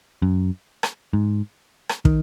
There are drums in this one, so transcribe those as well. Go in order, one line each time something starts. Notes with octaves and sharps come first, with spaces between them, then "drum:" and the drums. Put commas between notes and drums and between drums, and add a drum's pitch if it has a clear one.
F#2
drum: rim click
G#2
drum: rim click
D#3, drum: kick